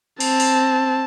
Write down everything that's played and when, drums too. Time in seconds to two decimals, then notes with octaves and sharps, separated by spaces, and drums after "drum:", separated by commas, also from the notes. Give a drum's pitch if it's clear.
0.20 C4 A5, drum: cymbal
0.40 drum: open hi-hat